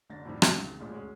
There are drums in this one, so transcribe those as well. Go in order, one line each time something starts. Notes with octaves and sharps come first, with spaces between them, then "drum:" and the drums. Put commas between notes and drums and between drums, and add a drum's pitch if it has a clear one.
F#1 D3 A6 A#6
F2 A2 C3 D#3 G3
B3, drum: rim click
C#2 C3 D#3
A1 G2 A#2 G#3
D2 G#3 C#4